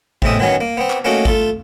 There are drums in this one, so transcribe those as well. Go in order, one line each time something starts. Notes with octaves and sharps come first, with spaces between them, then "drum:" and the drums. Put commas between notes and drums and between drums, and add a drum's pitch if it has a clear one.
E2 A2 C3 G#3 E5 D#6, drum: kick G#1
D#3 E3 F#3 B3 C#4
A#3
B3 C4
drum: clap
A3 A#3 C#4 D#4 F#4
A3 F4 A4, drum: kick G#1